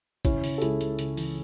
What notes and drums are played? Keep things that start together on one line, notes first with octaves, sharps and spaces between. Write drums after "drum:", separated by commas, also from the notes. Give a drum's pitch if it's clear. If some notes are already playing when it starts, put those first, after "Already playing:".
C#3 C#4 E4, drum: kick, hi-hat
C#3, drum: open hi-hat
A4
C#2 E4 G#4, drum: hi-hat
C#2, drum: hi-hat
C#3, drum: hi-hat
E3, drum: open hi-hat